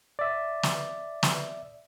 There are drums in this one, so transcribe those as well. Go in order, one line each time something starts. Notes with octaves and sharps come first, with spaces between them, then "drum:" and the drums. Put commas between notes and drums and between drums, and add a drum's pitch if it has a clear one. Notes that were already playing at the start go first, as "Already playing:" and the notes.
D5 E5
drum: snare
drum: snare